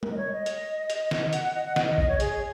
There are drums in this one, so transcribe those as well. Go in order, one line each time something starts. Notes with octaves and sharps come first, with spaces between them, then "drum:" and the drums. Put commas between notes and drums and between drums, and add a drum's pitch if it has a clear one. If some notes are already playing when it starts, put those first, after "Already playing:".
A#4, drum: tom G3
D#5
C#5
D#5
drum: hi-hat
drum: hi-hat
drum: snare
F#5, drum: hi-hat
F#5
D#5
F#5
D#5, drum: snare
D#5
D#5, drum: kick G#1
C#5
G#4, drum: hi-hat